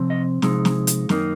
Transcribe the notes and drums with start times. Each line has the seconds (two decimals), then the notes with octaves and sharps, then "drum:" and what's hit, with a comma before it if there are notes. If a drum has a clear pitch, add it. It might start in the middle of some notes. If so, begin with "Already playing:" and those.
Already playing: C3 F3 C4
0.10 D#5
0.42 C3 F3 G#3 D#4, drum: snare
0.65 drum: snare
0.87 drum: hi-hat
1.09 F#2 D#3 A#3 D#4, drum: snare